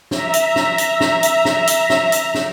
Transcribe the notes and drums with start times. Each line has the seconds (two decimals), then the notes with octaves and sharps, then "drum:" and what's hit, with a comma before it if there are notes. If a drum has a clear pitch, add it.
0.11 E5 A#5, drum: snare
0.33 drum: hi-hat
0.56 drum: snare
0.78 drum: hi-hat
1.00 drum: snare
1.23 drum: hi-hat
1.45 drum: snare
1.67 drum: hi-hat
1.90 drum: snare
2.12 drum: hi-hat
2.34 drum: snare